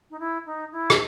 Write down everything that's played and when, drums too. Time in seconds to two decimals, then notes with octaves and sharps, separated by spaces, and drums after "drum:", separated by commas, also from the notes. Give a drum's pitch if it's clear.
0.10 D#4
0.19 E4
0.46 D#4
0.72 E4
0.90 drum: rim click